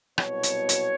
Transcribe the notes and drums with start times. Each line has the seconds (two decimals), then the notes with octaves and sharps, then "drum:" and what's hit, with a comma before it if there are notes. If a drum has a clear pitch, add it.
0.18 C2 B2 F#3 C#5, drum: rim click
0.43 drum: hi-hat
0.69 drum: hi-hat